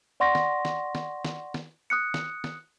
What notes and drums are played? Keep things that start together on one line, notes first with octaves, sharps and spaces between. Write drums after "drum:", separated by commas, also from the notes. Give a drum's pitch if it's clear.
D5 F#5 C6 C#6 A#6
drum: snare
drum: snare
drum: snare
drum: snare
drum: snare
D#6 F#6 C#7
drum: snare
drum: snare